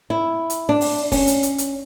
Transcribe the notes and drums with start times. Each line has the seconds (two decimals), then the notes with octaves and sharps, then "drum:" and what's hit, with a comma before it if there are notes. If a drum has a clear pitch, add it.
0.10 E4
0.50 drum: hi-hat
0.69 D4
0.81 drum: open hi-hat
1.12 C#4, drum: kick, open hi-hat
1.27 drum: hi-hat
1.43 drum: hi-hat
1.58 drum: hi-hat